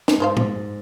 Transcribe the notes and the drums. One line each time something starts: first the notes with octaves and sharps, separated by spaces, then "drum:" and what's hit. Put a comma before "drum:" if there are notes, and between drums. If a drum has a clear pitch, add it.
drum: snare
G#2 D#3 C5 F5
drum: tom A2